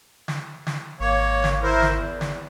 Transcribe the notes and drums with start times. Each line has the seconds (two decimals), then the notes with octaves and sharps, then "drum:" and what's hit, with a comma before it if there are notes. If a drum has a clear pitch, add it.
0.28 drum: snare
0.67 drum: snare
1.00 G#1 A#3 C#5
1.44 drum: snare
1.63 E4 A#4 C5
1.82 drum: snare
1.93 E2
2.21 drum: snare